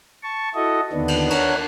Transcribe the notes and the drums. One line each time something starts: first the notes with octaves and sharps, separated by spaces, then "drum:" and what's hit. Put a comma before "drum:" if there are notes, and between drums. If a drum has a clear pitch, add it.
A5 C#6
E4 F#4 A4 D#5
D#2 D3 D#3 B3 D4
drum: cymbal
D4 A#4 C#5 F#5, drum: cymbal